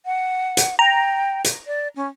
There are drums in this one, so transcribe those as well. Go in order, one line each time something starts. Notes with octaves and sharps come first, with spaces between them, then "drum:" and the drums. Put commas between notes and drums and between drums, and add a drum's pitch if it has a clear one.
F#5
drum: hi-hat
G5 A#5
drum: hi-hat
D5
C#4